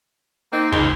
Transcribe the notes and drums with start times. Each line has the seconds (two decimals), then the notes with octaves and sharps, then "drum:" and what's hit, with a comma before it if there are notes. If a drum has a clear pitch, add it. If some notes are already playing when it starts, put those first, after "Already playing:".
0.52 A#3 C4 D#4
0.72 C#2 G#2 D#4, drum: kick